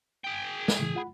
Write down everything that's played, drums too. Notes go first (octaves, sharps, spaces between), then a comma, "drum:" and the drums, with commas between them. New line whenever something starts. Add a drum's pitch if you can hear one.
G#4 G5
drum: snare
A2 C#3 E3
F4 F#5 B5